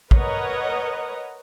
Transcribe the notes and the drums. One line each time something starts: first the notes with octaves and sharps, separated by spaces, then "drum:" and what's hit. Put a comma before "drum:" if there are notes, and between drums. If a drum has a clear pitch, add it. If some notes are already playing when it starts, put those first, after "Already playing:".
A#4 B4 C#5 D#5 F#5 A#5, drum: kick